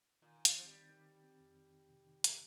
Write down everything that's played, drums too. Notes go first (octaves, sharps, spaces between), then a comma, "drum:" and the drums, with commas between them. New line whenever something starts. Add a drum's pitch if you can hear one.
A#2 D#3
D#3
G3, drum: hi-hat
F3 C4
G3
D#3
D#3
D#3
C4
F2
D#3
D#3
C3
D#3
A#3, drum: hi-hat